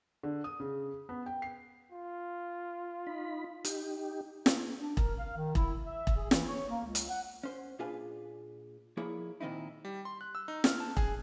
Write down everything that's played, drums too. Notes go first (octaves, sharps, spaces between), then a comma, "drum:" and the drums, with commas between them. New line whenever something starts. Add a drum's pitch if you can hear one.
D3
D#6
C#3
B3
G5
C7
F4
D#4 B5
D#4 G4, drum: hi-hat
drum: snare
D4
A#4, drum: kick E1
F5
D#3
E4, drum: kick E1
E5
drum: kick E1
G#4
E3, drum: snare
C#5
A#3
C#2
drum: hi-hat
F#5
C#4 C5
A#2 D4 F4 G#4 B4 G#5
F3 A#3 E4 G#4 C#5 D5
A#2 D#3 C4 D#4 E4
G3
C6
F#6
E6
D#4
F6, drum: snare
A5
G#4, drum: kick E1